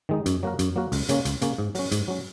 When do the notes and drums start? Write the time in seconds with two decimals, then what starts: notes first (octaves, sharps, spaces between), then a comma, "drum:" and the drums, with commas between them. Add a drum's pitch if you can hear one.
0.09 D#3 G#3 D#4
0.26 F#2, drum: hi-hat
0.43 F#3 A#3 F#4 A#4
0.59 F#2, drum: hi-hat
0.76 F#3 A#3 F#4 A#4
0.92 C#2, drum: open hi-hat
1.09 C#3 A#3 C#4, drum: hi-hat
1.25 C#2, drum: hi-hat
1.42 C#3 A#3 C#4, drum: hi-hat
1.58 G#2
1.75 F#3 C#4, drum: open hi-hat
1.92 G#2, drum: hi-hat
2.08 F#3 C#4